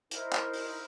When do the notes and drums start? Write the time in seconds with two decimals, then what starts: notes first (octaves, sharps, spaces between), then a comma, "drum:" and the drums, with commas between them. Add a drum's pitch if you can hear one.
0.11 D#4 E4 A#4 C5, drum: hi-hat
0.32 drum: clap
0.53 drum: open hi-hat